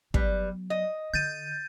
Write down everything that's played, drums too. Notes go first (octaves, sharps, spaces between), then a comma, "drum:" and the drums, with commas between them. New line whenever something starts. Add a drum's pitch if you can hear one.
F#3 G3 B3 B4, drum: kick
D#5
D3 G6 A6 D#7